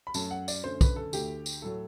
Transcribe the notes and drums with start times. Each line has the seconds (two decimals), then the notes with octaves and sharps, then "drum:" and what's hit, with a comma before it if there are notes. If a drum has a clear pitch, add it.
0.07 B5
0.14 F#2 F#3 A3 A5, drum: tambourine
0.31 F#5
0.48 D5, drum: tambourine
0.64 F#2 D3 A3 C5
0.81 B4, drum: kick, tambourine
0.96 A4
1.13 D2 D3 A3 G4, drum: tambourine
1.46 drum: tambourine
1.62 A2 F#3 A3 A4